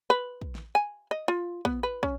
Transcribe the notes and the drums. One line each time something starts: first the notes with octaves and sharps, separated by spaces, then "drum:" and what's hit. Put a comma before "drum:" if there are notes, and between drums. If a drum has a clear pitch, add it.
B4
drum: kick
drum: snare
G#5
D#5
F4
B3, drum: kick
B4
C#4, drum: kick